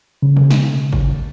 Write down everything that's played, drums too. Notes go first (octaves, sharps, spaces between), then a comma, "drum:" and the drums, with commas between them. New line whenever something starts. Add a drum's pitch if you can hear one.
C#3
drum: tom B2
drum: snare
drum: kick G#1